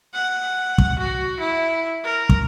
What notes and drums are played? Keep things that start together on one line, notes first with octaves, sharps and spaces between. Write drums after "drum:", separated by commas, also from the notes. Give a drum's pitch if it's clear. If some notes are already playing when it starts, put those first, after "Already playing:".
F#5
drum: kick
F#4
E4
A#4
drum: kick